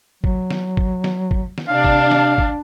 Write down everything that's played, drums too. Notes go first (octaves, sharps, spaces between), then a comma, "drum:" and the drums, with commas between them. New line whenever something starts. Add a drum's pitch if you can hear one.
F#3, drum: kick
drum: snare
drum: kick
drum: snare
drum: kick
drum: snare
C3 D4 F5
drum: kick
drum: snare
drum: kick